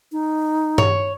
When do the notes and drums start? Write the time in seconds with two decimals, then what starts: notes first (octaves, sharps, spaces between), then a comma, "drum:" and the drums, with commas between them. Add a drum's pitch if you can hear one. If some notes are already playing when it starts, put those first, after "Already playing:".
0.12 D#4
0.78 C#5, drum: tom G2